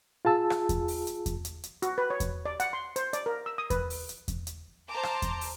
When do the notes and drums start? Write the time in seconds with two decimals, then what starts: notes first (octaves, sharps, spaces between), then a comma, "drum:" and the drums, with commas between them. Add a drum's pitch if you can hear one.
0.25 F4 G#4 A5 E6
0.50 drum: rim click
0.69 drum: kick E2, hi-hat
0.88 drum: open hi-hat
1.07 drum: hi-hat
1.26 drum: kick E2, hi-hat
1.45 drum: hi-hat
1.64 drum: hi-hat
1.82 F#4, drum: hi-hat
1.98 B4
2.10 C#5
2.20 drum: kick E2, hi-hat
2.45 D5
2.60 F#5, drum: hi-hat
2.73 C6
2.96 C5, drum: hi-hat
3.13 D5, drum: hi-hat
3.26 A#4
3.46 E6
3.58 D#6
3.70 B4, drum: kick E2, hi-hat
3.90 drum: open hi-hat
4.09 drum: hi-hat
4.28 drum: kick E2, hi-hat
4.47 drum: hi-hat
4.89 C5 A5 A#5 C6 D6
5.03 drum: rim click
5.22 drum: kick E2, hi-hat
5.41 drum: open hi-hat